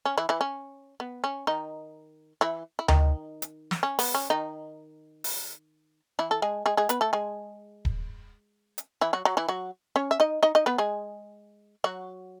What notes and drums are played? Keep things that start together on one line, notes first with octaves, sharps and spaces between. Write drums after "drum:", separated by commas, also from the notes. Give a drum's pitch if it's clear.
C#4
E3 E4
E3 E4
C#4
B3
C#4
D#3 D#4
E3 E4
E4
D#3 D#4, drum: tom D2
drum: hi-hat
drum: snare
C#4
B3, drum: open hi-hat
C#4
D#3 D#4
drum: open hi-hat
E3 E4
A4
G#3 G#4
G#3 G#4
G#3 G#4
B3 B4, drum: hi-hat
A3 A4
G#3 G#4
drum: kick D#1
drum: hi-hat
E3 E4
F#3 F#4
F#3 F#4
E3 E4
F#3 F#4
C#4 C#5
E5
D#4 D#5
D#4 D#5
D#4 D#5
B3 B4
G#3 G#4
F#3 F#4